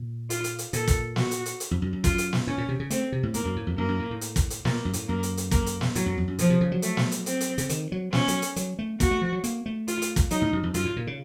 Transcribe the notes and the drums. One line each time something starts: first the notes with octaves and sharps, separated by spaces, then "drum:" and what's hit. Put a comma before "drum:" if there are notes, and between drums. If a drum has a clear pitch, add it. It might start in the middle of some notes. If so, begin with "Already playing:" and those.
Already playing: A#2
F4, drum: hi-hat
drum: hi-hat
drum: hi-hat
A#2 A4, drum: hi-hat
drum: kick, hi-hat
F#4, drum: snare
drum: hi-hat
drum: hi-hat
drum: hi-hat
F2
F#2
F#2
F4, drum: kick, hi-hat
drum: hi-hat
drum: snare
A2 C#4
A#2
C3
C#3
A3 C4, drum: hi-hat
C3
A2
A2 A#3, drum: hi-hat
F#2
A2
F2
F#2 A#3
F#2
A2
A2
drum: hi-hat
drum: kick, hi-hat
drum: hi-hat
A#2 A#3, drum: snare
F#2
A2, drum: hi-hat
F#2 A#3
drum: hi-hat
drum: hi-hat
A#3, drum: kick, hi-hat
drum: hi-hat
drum: snare
A2 F#3, drum: hi-hat
F#2
F2
F#2
A#2 F3, drum: hi-hat
C3
C#3
F#3
A3, drum: hi-hat
drum: snare
drum: hi-hat
C4, drum: hi-hat
drum: hi-hat
C#3, drum: hi-hat
D#3, drum: hi-hat
F#3
F3 C#4, drum: snare
F#3, drum: hi-hat
drum: hi-hat
F#3, drum: hi-hat
A3
A#3 F#4, drum: kick, hi-hat
A3
F3
F#3
A#3, drum: hi-hat
A3
F4, drum: hi-hat
drum: hi-hat
drum: kick, hi-hat
F#3 D#4, drum: hi-hat
A2
F#2
F2
F#2 F4, drum: hi-hat
A2
A#2
C#3